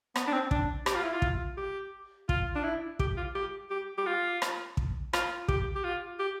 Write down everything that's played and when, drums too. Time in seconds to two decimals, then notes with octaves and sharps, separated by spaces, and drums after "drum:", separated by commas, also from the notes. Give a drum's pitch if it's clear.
0.16 B3, drum: rim click
0.28 D4
0.33 C4
0.51 D4, drum: kick
0.86 G4, drum: rim click
0.95 F4
1.04 E4
1.13 F4
1.22 drum: kick
1.57 G4
2.29 F4, drum: kick
2.56 D4
2.64 E4
2.99 G4, drum: kick
3.17 F4
3.35 G4
3.70 G4
3.98 G4
4.07 F4
4.42 drum: rim click
4.77 drum: kick
5.13 F4, drum: rim click
5.48 G4, drum: kick
5.76 G4
5.84 F4
6.19 G4